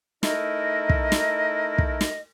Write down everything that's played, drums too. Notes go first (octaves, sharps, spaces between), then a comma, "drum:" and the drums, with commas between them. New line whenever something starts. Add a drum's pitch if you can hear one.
A3 D#4 E4 A#4 D#5, drum: snare
drum: kick
drum: snare
drum: kick
drum: snare